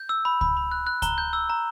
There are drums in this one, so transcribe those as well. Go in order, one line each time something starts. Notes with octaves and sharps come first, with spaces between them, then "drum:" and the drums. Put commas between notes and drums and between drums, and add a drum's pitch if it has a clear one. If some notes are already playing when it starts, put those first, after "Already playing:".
Already playing: G6
E6
B5
B5, drum: kick C#2
B5
F#6
F#6
A#5 G7, drum: kick C#2, hi-hat
G6
E6
A#5